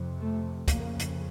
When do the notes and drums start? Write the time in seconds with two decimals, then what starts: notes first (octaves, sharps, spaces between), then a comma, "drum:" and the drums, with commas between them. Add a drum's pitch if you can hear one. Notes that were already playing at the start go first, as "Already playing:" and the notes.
Already playing: F2 C3
0.20 A3
0.68 F2 C#3 A#3, drum: kick, hi-hat
0.99 drum: hi-hat